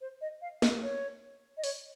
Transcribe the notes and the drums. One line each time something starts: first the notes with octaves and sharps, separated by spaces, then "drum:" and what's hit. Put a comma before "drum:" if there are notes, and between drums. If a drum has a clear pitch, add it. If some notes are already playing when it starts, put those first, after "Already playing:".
C5
D#5
F5
D#5, drum: snare
C#5
D#5
C#5, drum: open hi-hat